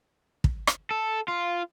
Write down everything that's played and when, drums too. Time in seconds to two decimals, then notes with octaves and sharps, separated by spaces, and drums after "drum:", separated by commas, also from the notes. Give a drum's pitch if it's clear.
0.44 drum: kick
0.67 drum: rim click
0.91 A4
1.28 F4